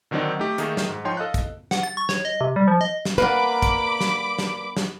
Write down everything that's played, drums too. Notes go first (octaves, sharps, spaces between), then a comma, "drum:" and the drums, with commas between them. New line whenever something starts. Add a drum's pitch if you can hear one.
D3 D#3 F#3 C4 D4 D#4
A3 D#4 G4
D#3 A3 A#3 D#4 G#4, drum: hi-hat
drum: snare
G#2
F3 D#4 C#5 G5 C6
A4 D#5 F5 F#6
drum: kick, hi-hat
F#5, drum: snare
A6
C#6
C#5, drum: snare
D#5
C3
G3
F3
D#5
drum: snare
A#3 D4 B4 F#5 B5 D6
drum: kick, hi-hat
drum: snare
drum: snare
drum: snare